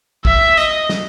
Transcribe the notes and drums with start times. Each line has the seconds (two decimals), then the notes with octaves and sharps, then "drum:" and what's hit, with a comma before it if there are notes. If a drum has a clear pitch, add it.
0.25 E5, drum: kick
0.57 D#5, drum: hi-hat
0.89 drum: snare